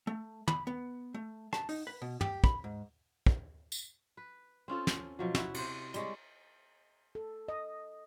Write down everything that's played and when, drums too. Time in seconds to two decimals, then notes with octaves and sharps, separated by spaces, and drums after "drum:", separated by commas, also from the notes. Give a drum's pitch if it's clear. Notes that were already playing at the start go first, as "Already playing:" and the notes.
0.07 A3
0.48 B5, drum: tom
0.67 B3
1.14 A3
1.53 A5, drum: rim click
1.69 D#4, drum: open hi-hat
1.87 B4
2.02 B2
2.21 G4, drum: tom
2.44 B5, drum: kick
2.64 G#2
3.27 drum: kick
3.72 drum: tambourine
4.17 B4
4.68 C4 C#4 F4 A4
4.87 drum: snare
5.19 B2 F3 F#3
5.35 E4 F#4, drum: snare
5.54 C3 C5, drum: cymbal
5.94 G3 G#3 C#5, drum: hi-hat
7.15 A4
7.48 D#5